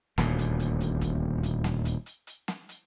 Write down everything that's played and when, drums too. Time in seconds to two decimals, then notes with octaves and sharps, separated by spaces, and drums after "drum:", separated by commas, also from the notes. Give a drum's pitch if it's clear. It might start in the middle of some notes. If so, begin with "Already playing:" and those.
0.18 D#1 D2 A#2, drum: snare
0.39 drum: hi-hat
0.60 drum: hi-hat
0.80 drum: hi-hat
1.01 drum: kick, hi-hat
1.43 drum: hi-hat
1.64 drum: snare
1.85 drum: hi-hat
2.06 drum: hi-hat
2.27 drum: hi-hat
2.48 drum: snare
2.69 drum: hi-hat